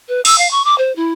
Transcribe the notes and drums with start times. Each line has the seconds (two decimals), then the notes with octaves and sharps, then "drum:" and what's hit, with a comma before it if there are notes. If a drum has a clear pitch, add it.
0.08 B4
0.25 E6, drum: open hi-hat
0.38 F5
0.51 C#6
0.65 D6
0.78 C5
0.95 E4